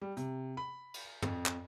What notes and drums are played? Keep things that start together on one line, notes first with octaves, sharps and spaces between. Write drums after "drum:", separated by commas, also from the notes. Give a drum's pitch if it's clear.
G3
C3, drum: hi-hat
B5
drum: cymbal
F2, drum: tom
drum: clap